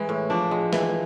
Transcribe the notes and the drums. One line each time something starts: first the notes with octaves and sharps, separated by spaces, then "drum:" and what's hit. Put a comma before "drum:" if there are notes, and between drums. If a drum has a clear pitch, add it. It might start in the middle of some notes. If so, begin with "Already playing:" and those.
Already playing: E3 G#3
A2
F3 D4
G#3
E3, drum: snare